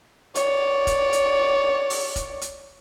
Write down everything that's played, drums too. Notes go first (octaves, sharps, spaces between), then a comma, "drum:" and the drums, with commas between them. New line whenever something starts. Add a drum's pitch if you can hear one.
C#5 D5, drum: hi-hat
drum: kick F1, hi-hat
drum: hi-hat
drum: open hi-hat
drum: kick F1, hi-hat
drum: hi-hat